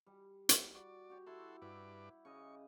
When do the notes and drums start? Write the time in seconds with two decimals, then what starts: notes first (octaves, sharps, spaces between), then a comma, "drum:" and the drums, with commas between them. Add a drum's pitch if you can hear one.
0.06 G3
0.49 drum: hi-hat
0.75 F#4 D5
1.10 F#4 G4 C#5
1.27 E4 F#4 A4 C6
1.62 G2 E4 B4 D5 D6
2.25 C#3 D#5 C#6